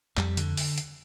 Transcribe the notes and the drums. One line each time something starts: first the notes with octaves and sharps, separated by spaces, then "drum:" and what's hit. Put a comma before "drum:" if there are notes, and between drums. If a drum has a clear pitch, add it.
F2 G3, drum: clap
D3, drum: hi-hat
drum: open hi-hat
drum: hi-hat